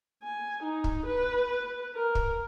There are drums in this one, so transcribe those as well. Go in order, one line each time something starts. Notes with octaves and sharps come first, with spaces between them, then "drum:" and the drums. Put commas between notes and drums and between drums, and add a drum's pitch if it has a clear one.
G#5
D#4
drum: kick
B4
A#4
drum: kick